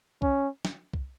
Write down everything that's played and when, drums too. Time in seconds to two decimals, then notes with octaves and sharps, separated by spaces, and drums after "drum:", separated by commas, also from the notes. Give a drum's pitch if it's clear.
0.22 C#4, drum: kick C2
0.65 drum: snare
0.93 drum: kick C2